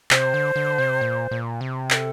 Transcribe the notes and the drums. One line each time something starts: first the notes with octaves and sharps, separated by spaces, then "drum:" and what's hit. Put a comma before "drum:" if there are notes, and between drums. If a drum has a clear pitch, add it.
C3 C5, drum: clap
D3
D3
C3
A#2
A#2
C3
A#4, drum: clap
A4